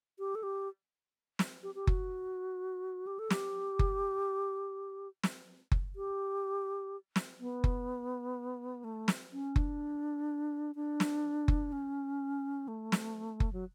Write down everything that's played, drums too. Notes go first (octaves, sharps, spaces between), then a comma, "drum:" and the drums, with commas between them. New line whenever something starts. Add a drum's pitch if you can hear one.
G4
A4
G4
drum: snare
G4
G4
F#4, drum: kick F#1
G4
A4
G4, drum: snare
drum: kick F#1
drum: snare
drum: kick F#1
G4
drum: snare
B3
drum: kick F#1
A3
drum: snare
C#4
D4, drum: kick F#1
D4
drum: snare
drum: kick F#1
C#4
A3
drum: snare
drum: kick F#1
F#3